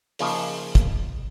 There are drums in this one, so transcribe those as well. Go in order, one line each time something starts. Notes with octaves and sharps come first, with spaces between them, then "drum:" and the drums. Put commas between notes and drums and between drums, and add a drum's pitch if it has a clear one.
C#3 F3 A#3 D#4 G#4, drum: open hi-hat
drum: kick, hi-hat